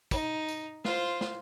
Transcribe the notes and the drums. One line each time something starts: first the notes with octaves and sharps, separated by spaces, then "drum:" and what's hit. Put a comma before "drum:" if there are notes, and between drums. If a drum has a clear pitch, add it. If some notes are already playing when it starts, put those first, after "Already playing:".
D#4, drum: kick, tambourine
drum: tambourine
F4 C5, drum: snare
drum: snare